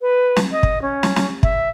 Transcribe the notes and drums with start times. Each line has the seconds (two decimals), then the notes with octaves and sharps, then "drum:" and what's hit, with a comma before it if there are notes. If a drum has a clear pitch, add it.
0.02 B4
0.36 drum: snare
0.52 D#5
0.63 drum: kick
0.82 C#4
1.03 drum: snare
1.16 drum: snare
1.43 E5, drum: kick